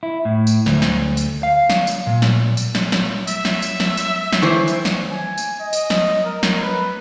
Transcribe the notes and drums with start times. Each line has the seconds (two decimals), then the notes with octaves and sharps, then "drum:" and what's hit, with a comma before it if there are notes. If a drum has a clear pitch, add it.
0.03 E4
0.25 A2
0.47 drum: tambourine
0.66 D2, drum: snare
0.82 drum: snare
1.17 drum: tambourine
1.43 F5
1.70 drum: snare
1.87 drum: tambourine
2.07 A#2
2.22 drum: snare
2.57 drum: tambourine
2.75 drum: snare
2.92 drum: snare
3.27 E5, drum: tambourine
3.45 drum: snare
3.62 drum: tambourine
3.80 drum: snare
3.97 drum: tambourine
4.32 drum: snare
4.42 D#3 E3 C5
4.68 drum: tambourine
4.85 drum: snare
5.11 G#5
5.38 drum: tambourine
5.60 D#5
5.73 drum: tambourine
5.90 drum: snare
6.24 A#4
6.43 drum: snare
6.62 B4